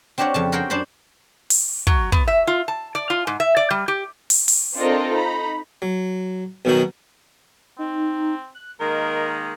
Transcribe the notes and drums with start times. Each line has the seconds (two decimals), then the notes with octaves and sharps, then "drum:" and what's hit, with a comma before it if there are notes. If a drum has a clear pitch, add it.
0.18 C4 D4 G4 A#4 C#5 F#5
0.34 F2 C#3 A5
0.52 F#4 G#4 A#4 C5 F#5 G5
0.70 F#2 D4 C5 A5 B5
1.50 drum: open hi-hat
1.87 F#3, drum: kick
2.12 B3, drum: kick
2.27 E5
2.47 F4
2.68 A5
2.95 D5
3.10 F4
3.27 G#2
3.40 E5
3.57 D5
3.71 G3
3.88 G4
4.30 drum: open hi-hat
4.48 drum: open hi-hat
4.76 C4 D4 F4 A4 A#4 D#5
5.13 D#4 A#5 B5
5.82 F#3
6.65 B1 B2 D#3 F#3 D#4 F#4
7.78 C4 D#4
8.55 F#6
8.80 D#3 G#3 A#3 A#4 D#5